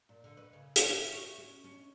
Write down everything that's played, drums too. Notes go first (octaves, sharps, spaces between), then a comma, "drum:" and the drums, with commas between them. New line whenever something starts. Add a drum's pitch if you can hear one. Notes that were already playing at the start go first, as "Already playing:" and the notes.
A#2
D3
B4
C#3
drum: hi-hat
E4
F#4
C#4
C#4